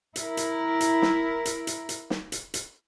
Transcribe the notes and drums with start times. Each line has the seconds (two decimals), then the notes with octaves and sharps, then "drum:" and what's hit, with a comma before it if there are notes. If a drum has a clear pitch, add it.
0.16 E4 A#4, drum: hi-hat
0.37 drum: hi-hat
0.81 drum: hi-hat
1.02 drum: snare
1.45 drum: hi-hat
1.67 drum: hi-hat
1.89 drum: hi-hat
2.10 drum: snare
2.32 drum: hi-hat
2.54 drum: hi-hat